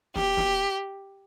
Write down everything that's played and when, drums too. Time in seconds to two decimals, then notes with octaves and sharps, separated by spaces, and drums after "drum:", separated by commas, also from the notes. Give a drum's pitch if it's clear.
0.16 G4, drum: snare
0.37 drum: snare